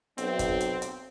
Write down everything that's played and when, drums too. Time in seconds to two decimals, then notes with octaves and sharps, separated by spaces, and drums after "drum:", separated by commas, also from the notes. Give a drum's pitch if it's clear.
0.18 B1 C4, drum: hi-hat
0.39 drum: kick, hi-hat
0.61 drum: hi-hat
0.82 drum: hi-hat